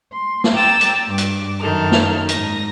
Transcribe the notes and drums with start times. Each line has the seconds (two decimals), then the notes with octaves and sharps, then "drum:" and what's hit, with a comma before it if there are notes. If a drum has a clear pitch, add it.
0.12 C6
0.44 drum: snare
0.53 G5 A#5 D6 E6 A6
0.81 drum: hi-hat
1.07 G2 D6
1.18 drum: hi-hat
1.61 F#2 D#3 A4 F6
1.92 drum: snare
2.29 G#2 D#4 A#6, drum: hi-hat